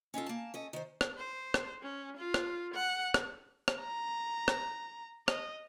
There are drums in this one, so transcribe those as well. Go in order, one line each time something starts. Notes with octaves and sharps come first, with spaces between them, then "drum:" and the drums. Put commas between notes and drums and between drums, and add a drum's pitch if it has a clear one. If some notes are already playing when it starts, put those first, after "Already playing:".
C#4 D#4 F4 A4
A#3 A5
C#4 A4 D#5
D#3 C5
drum: rim click
C5
drum: rim click
C#4
F4
drum: rim click
F#5
drum: rim click
drum: rim click
A#5
drum: rim click
D#5, drum: rim click